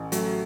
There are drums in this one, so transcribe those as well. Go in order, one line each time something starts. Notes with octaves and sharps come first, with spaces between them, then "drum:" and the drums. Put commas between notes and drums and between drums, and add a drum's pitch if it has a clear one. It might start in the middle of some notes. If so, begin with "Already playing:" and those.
Already playing: A1
F#3 A3, drum: hi-hat